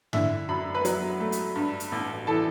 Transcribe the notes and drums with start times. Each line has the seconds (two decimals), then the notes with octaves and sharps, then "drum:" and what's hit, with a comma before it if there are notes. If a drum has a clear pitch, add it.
0.13 D3 E4 E5, drum: tom G2
0.49 F#2 B5
0.75 B4 B5
0.85 F#3, drum: hi-hat
1.20 A3
1.32 drum: hi-hat
1.56 G2
1.80 drum: hi-hat
1.92 A1
2.27 E3 A4 A5